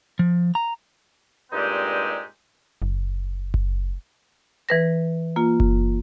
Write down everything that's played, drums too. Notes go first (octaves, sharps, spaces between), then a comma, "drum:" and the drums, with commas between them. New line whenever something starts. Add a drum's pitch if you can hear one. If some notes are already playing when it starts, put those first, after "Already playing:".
F3
A#5
G2 A#2 G#3 C4 D#4 G4
F#1
drum: kick F#1
E3 B4 A#6
A#3 F4
drum: kick F#1